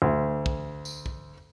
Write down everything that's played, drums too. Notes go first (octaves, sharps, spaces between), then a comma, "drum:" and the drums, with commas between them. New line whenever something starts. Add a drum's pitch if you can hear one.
D2
drum: kick
drum: tambourine
drum: kick